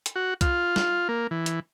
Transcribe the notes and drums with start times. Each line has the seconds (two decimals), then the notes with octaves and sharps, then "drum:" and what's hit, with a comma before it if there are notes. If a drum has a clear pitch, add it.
0.06 drum: hi-hat
0.16 F#4
0.41 F4, drum: kick, hi-hat
0.76 drum: snare
1.09 A#3
1.31 E3
1.46 drum: hi-hat